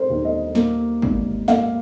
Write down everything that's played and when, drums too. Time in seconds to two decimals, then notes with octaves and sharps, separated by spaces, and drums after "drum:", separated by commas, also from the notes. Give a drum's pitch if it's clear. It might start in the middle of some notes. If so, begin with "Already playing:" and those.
Already playing: C4 A#4 C5
0.10 D#2
0.25 D#5
0.55 A#3, drum: snare
1.02 G#1, drum: kick
1.48 A#3 F5, drum: snare